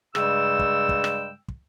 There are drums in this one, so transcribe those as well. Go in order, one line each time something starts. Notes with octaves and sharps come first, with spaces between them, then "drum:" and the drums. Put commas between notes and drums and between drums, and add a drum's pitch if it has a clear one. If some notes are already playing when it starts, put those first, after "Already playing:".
G2 C#3 G3 G#3 G5 E6, drum: rim click
drum: kick
drum: kick
drum: rim click
drum: kick